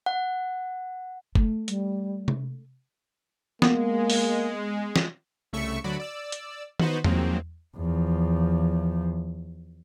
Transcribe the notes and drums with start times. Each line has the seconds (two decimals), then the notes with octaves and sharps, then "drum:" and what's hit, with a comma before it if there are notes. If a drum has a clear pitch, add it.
0.06 F#5
1.35 A3, drum: kick F#1
1.68 G3, drum: hi-hat
2.28 drum: tom C3
3.62 G#3 A#3 B3, drum: snare
4.10 drum: open hi-hat
4.96 drum: snare
5.53 C2 C#3 A3 E5 C#6 C#7
5.84 D2 F#3 F#4 D5 B5
6.00 D5 E6
6.32 drum: hi-hat
6.80 B3 D#4 F#4 B4 C5, drum: tom D#3
7.04 D#3 F3 F#3 G#3 A#3 C4, drum: tom E2
7.77 E2 F3